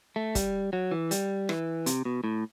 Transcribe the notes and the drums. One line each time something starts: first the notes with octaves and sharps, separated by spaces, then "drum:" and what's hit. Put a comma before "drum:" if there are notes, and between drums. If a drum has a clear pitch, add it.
A3
G3, drum: kick, hi-hat
F#3
E3
G3, drum: hi-hat
E3, drum: rim click
C3, drum: hi-hat
B2
A2